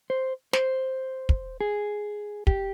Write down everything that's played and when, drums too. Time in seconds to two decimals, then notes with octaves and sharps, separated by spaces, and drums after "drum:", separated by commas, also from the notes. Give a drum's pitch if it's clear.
0.10 C5
0.53 C5, drum: snare
1.29 drum: kick
1.61 G#4
2.47 G4, drum: kick